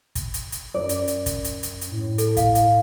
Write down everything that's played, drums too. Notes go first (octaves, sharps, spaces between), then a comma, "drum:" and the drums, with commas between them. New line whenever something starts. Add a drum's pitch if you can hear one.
drum: kick, hi-hat
drum: hi-hat
drum: hi-hat
F#2 D5
drum: hi-hat
drum: hi-hat
drum: kick, hi-hat
drum: hi-hat
drum: hi-hat
drum: hi-hat
A2
A4, drum: hi-hat
F5, drum: kick, hi-hat
drum: hi-hat